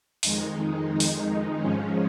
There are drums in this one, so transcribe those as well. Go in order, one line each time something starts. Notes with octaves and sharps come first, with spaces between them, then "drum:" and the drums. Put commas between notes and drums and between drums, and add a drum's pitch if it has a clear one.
F2 D#3 G#3 D#4, drum: open hi-hat
drum: open hi-hat
G#2 F3 G#3 C#4